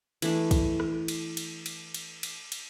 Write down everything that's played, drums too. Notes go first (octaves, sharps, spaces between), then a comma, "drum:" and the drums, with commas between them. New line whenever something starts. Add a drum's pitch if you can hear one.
E3 A3 D4, drum: cymbal
drum: kick, cymbal
drum: rim click
drum: cymbal
drum: cymbal
drum: cymbal
drum: cymbal
drum: cymbal
drum: cymbal